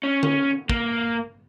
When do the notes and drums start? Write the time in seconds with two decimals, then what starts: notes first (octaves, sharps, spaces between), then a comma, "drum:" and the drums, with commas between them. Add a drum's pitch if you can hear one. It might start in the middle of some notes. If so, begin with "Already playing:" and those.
0.03 C#4
0.23 drum: tom D3
0.69 A#3, drum: kick